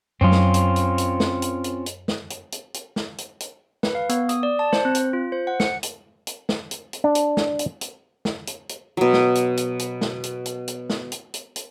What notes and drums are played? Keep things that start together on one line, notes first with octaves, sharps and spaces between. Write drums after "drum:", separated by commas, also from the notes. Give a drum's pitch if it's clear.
F#2 F#3 C4 C#4 F4
drum: snare
drum: hi-hat
drum: hi-hat
drum: hi-hat
drum: snare
drum: hi-hat
drum: hi-hat
drum: hi-hat
drum: snare
drum: hi-hat
drum: hi-hat
drum: hi-hat
drum: snare
drum: hi-hat
drum: hi-hat
B4, drum: snare
F5
B3, drum: hi-hat
D#6, drum: hi-hat
D5
A5
C5, drum: snare
C4
drum: hi-hat
F4
C5
F#5
C#7, drum: snare
drum: hi-hat
drum: hi-hat
drum: snare
drum: hi-hat
drum: hi-hat
D4
drum: hi-hat
drum: snare
drum: hi-hat
drum: hi-hat
drum: snare
drum: hi-hat
drum: hi-hat
B2 F#3
drum: snare
drum: hi-hat
drum: hi-hat
drum: hi-hat
drum: snare
drum: hi-hat
drum: hi-hat
drum: hi-hat
drum: snare
drum: hi-hat
drum: hi-hat
drum: hi-hat